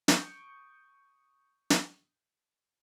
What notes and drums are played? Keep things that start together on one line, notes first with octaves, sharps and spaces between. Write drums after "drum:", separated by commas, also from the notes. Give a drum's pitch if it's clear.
C#6 D#6 G6 C#7 D7, drum: snare
drum: snare